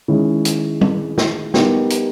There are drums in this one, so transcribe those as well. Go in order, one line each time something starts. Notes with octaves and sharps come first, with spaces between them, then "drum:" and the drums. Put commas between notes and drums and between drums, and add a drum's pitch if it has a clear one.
D#3 G#3 C#4 E4 G#4
drum: hi-hat
drum: tom
drum: snare
G3 B3 D#4 G4 A#4, drum: snare
drum: hi-hat